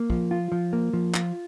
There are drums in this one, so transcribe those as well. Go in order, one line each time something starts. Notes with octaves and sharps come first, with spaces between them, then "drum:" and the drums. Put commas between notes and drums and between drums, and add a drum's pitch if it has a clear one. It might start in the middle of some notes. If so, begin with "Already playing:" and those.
Already playing: A#3
F3, drum: kick
F4
F3
A#3
F3
F4, drum: clap